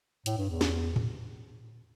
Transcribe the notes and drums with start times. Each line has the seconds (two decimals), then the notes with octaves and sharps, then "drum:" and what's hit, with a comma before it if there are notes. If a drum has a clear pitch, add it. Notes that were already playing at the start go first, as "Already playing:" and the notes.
0.26 A2, drum: hi-hat
0.38 G2
0.49 E2
0.61 drum: snare
0.96 drum: tom A2